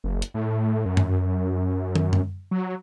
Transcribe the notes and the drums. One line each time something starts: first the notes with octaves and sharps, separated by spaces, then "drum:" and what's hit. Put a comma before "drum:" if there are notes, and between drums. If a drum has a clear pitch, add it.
F#1
drum: hi-hat
A2
F#2
drum: tom G2
drum: tom
drum: tom F#2
F#3